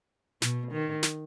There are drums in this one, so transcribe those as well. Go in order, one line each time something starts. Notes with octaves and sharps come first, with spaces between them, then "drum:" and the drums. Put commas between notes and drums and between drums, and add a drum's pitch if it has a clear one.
B2, drum: snare
D#3
drum: snare